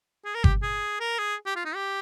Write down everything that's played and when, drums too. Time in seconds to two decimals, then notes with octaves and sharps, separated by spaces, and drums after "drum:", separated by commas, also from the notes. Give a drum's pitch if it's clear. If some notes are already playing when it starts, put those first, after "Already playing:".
0.25 G#4
0.35 A#4
0.44 G4, drum: kick G1
0.63 G#4
1.00 A#4
1.18 G#4
1.46 G4
1.56 F4
1.65 D#4
1.75 G4